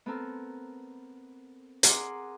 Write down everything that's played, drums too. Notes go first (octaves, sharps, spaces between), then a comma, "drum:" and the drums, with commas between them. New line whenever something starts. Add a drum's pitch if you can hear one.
B3 C4 A4 A#4
G#4 A#4 F#5 C6 D6, drum: hi-hat